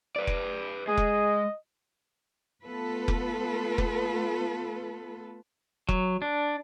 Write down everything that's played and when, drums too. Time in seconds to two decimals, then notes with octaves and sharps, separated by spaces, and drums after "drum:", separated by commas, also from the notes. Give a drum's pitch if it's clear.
0.16 B4 D5
0.27 drum: kick F1
0.88 G#3 G#4 D#5
0.97 drum: kick F1
2.66 A3 B3 F4 A4 B4
3.08 drum: kick F1
3.78 drum: kick F1
5.89 F#3, drum: kick F1
6.22 D4